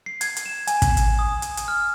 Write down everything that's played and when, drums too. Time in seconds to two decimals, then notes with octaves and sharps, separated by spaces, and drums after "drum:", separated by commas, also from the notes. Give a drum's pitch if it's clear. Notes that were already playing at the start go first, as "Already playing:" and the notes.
0.06 C7
0.21 G#6, drum: hi-hat
0.37 drum: hi-hat
0.46 E7
0.67 G#5, drum: hi-hat
0.82 drum: kick, hi-hat
0.97 drum: hi-hat
1.19 D#6
1.42 drum: hi-hat
1.57 drum: hi-hat
1.68 F6